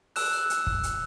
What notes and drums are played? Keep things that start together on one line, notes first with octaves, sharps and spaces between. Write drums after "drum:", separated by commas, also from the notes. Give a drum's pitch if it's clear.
E6 F#6 E7, drum: open hi-hat
F#6
drum: hi-hat
drum: kick
drum: hi-hat